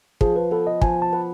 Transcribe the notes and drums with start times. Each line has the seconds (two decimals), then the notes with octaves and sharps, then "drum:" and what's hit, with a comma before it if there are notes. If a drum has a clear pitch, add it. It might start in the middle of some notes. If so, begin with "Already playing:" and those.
0.21 F3 G#4, drum: kick
0.36 B4
0.51 B3 A4
0.67 D#5
0.82 F3 G#5, drum: kick
1.02 A5
1.13 B3